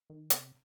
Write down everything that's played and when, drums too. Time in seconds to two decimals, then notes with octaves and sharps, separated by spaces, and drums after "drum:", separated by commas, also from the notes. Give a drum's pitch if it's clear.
0.10 D#3
0.30 C3, drum: hi-hat